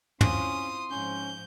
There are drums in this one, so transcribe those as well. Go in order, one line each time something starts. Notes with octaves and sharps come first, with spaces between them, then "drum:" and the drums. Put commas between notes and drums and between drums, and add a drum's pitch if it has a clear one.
C4 C#4 E4 F4 C6 D#6, drum: tom
G#2 F3 C#4 G6